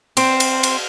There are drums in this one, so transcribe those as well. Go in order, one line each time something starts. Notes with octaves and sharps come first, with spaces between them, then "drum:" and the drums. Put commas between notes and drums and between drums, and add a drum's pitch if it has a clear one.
C4, drum: cymbal
drum: cymbal
drum: cymbal